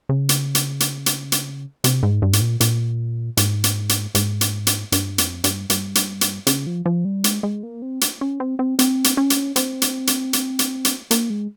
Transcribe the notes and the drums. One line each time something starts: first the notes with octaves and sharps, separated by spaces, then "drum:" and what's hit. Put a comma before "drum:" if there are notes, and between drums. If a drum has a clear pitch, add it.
C#3
drum: hi-hat
drum: hi-hat
drum: hi-hat
drum: hi-hat
drum: hi-hat
C3, drum: hi-hat
G#2
G2
G#2, drum: hi-hat
A#2
A#2, drum: hi-hat
G#2, drum: hi-hat
drum: hi-hat
drum: hi-hat
G#2, drum: hi-hat
drum: hi-hat
drum: hi-hat
G2, drum: hi-hat
F2, drum: hi-hat
G2, drum: hi-hat
G2, drum: hi-hat
drum: hi-hat
drum: hi-hat
C#3, drum: hi-hat
F3
F3
G3
G#3, drum: hi-hat
G#3
A#3
C4
drum: hi-hat
C#4
C4
C4
C4, drum: hi-hat
drum: hi-hat
C#4
drum: hi-hat
C4, drum: hi-hat
drum: hi-hat
drum: hi-hat
drum: hi-hat
drum: hi-hat
drum: hi-hat
A#3, drum: hi-hat
G#3